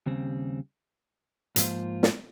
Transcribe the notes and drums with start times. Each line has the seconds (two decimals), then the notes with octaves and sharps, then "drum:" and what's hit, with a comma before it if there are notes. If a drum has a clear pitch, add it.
0.06 D#2 C#3 G3 C4
1.56 G#2 F3 A#3 F4 C5, drum: hi-hat
2.03 drum: snare